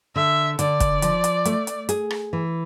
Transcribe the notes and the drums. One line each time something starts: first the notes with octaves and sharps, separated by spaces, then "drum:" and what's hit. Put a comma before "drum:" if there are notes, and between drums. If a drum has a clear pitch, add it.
D3 E5
D3 D5, drum: hi-hat
drum: kick, hi-hat
F3, drum: hi-hat
drum: hi-hat
A3, drum: hi-hat
drum: hi-hat
G#4, drum: hi-hat
drum: rim click
E3